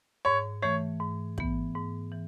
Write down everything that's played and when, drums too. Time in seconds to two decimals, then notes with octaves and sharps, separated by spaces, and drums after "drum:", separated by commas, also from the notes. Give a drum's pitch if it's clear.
0.25 G#2 C#5
0.62 E3 A3 C#5
1.00 G#2
1.38 E3 B3, drum: kick
1.75 G#2
2.12 E3